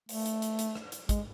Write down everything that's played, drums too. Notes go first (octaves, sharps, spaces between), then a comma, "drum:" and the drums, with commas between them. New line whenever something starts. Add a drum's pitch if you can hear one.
A3, drum: open hi-hat
drum: hi-hat
drum: hi-hat
drum: hi-hat
drum: rim click
drum: hi-hat
G#3, drum: kick, hi-hat